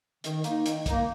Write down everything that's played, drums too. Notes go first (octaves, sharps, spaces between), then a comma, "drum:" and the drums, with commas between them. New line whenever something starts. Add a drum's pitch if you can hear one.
D#3, drum: hi-hat
A#3 D#4, drum: hi-hat
D#3, drum: hi-hat
A#3 D#4, drum: kick, hi-hat